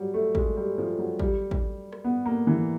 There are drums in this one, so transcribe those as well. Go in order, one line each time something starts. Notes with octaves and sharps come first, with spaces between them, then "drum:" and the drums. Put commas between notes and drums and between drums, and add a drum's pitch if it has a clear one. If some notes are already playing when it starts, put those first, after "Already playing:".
Already playing: F#3 G3
A3
G#3, drum: kick
G3
F3
F#3
G3, drum: kick
drum: kick
drum: rim click
B3
A#3
E3